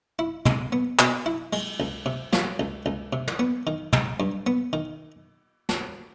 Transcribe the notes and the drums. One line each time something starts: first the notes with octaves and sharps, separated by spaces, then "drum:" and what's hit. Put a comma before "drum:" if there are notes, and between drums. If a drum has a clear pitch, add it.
E4
G#3, drum: tom
B3
B2, drum: clap
E4
G#3, drum: cymbal
C#2
C3
F3, drum: snare
C#2
C#2
C3
drum: tom
B3
D#3
G#3, drum: tom
G2
B3
D#3
drum: snare